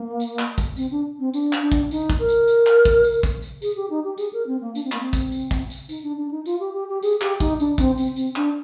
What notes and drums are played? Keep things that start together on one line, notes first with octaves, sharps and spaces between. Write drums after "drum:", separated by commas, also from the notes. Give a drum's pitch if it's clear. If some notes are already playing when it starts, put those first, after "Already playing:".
Already playing: A#3
drum: tambourine
drum: clap
drum: kick, tambourine
C4, drum: tambourine
D4
C4
D4, drum: tambourine
drum: clap
D4
drum: kick, tambourine
D#4, drum: tambourine
drum: kick, tambourine
A#4
drum: tambourine
drum: tambourine
drum: clap
drum: kick, tambourine
drum: tambourine
drum: kick, tambourine
drum: tambourine
G#4, drum: tambourine
G4
D#4
G4
G#4, drum: tambourine
A#4
C4
A#3
D4, drum: tambourine
C4
A#3, drum: clap
C4
drum: kick, tambourine
drum: tambourine
drum: kick, tambourine
drum: tambourine
D#4, drum: tambourine
D4
D4
D#4
F4, drum: tambourine
G4
G4
G4
G#4, drum: tambourine
G4, drum: clap
D#4, drum: kick, tambourine
D4, drum: tambourine
C4, drum: kick, tambourine
C4, drum: tambourine
C4, drum: tambourine
D4, drum: clap